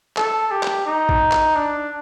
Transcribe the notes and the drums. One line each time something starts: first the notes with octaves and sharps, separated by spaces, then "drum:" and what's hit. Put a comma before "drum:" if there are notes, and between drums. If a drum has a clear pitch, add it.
A4, drum: clap
G4
drum: clap
D#4
drum: kick
drum: clap
D4